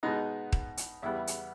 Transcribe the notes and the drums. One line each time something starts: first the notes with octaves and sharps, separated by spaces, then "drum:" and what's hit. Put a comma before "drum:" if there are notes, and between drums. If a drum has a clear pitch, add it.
B2 G#3 B3 D#4
drum: kick D#1
drum: hi-hat
E2 C#3 G3 B3 E4
drum: hi-hat